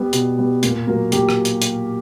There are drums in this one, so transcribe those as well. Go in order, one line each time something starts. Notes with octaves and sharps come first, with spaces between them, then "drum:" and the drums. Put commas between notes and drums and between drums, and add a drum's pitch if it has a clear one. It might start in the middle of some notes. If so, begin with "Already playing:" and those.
Already playing: G3 B3
B2, drum: hi-hat
G3 B3
A#2, drum: hi-hat
F#3 A#3
A#2 G4, drum: hi-hat
drum: rim click
drum: hi-hat
drum: hi-hat